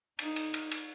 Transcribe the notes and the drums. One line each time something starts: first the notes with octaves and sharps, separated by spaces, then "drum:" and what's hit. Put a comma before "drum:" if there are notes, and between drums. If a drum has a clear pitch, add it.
D#4, drum: cymbal
drum: cymbal
drum: cymbal
drum: cymbal